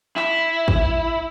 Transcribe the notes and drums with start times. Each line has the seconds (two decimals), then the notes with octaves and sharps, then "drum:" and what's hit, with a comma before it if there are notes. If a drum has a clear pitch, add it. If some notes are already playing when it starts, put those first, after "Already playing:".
0.16 E4, drum: clap
0.68 drum: kick